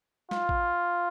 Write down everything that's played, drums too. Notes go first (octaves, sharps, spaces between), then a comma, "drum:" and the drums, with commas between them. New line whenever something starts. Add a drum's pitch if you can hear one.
F4, drum: snare
drum: kick